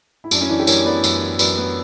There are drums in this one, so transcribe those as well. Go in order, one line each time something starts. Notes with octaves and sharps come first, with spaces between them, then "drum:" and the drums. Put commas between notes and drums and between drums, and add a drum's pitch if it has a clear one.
E4
F#2 D4, drum: tambourine
C#4 E4
E3 D4
E4 G4
F#2 A#4 C#5, drum: tambourine
B3 B4 D5
F#2, drum: tambourine
E3
F#2 B4 D5, drum: tambourine
B3